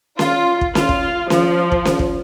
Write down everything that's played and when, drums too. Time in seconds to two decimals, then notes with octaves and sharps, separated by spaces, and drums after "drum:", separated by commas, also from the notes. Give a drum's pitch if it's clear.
0.19 F4, drum: snare C#4
0.61 drum: kick
0.75 F4, drum: snare C#4
0.89 drum: kick
1.30 F3, drum: snare C#4
1.72 drum: kick
1.85 drum: snare C#4
1.99 drum: kick